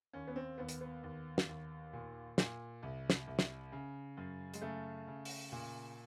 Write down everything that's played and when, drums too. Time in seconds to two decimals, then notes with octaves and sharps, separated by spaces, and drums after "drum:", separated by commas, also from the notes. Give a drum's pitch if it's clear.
0.13 D#2 C#4
0.28 B3
0.36 C4
0.58 D#2 B3
0.69 drum: hi-hat
0.81 B3
1.03 D#2
1.38 drum: snare
1.48 D#2
1.93 A#2
2.38 A#2, drum: snare
2.83 C2
3.10 drum: snare
3.27 C2
3.39 drum: snare
3.72 C#3
4.17 F#2
4.54 G#3, drum: hi-hat
4.61 C#3 A3
5.07 C#3
5.25 drum: open hi-hat
5.52 A#2